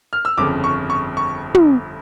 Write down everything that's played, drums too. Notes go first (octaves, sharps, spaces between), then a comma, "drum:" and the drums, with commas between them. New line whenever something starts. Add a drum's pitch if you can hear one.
F6
E6
G1 F2 C#3 D6
C#6
C#6
C#6
drum: tom